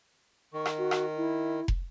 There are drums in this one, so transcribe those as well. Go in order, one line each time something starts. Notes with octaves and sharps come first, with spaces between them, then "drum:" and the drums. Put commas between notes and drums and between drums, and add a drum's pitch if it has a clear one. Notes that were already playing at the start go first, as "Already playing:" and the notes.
D#3 C#6
drum: rim click
F#4
drum: rim click
E4
drum: kick